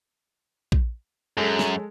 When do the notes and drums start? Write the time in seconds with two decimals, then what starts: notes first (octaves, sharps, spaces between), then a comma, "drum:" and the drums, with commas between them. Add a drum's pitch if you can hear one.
0.72 drum: kick A#1
1.37 F#2 G#3 A4
1.59 drum: snare